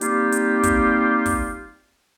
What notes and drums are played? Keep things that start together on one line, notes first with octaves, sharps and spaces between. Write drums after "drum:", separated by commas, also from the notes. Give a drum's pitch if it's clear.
G3 A#3 C4 D#4 F4 G4, drum: hi-hat
drum: hi-hat
drum: kick, hi-hat
drum: kick, open hi-hat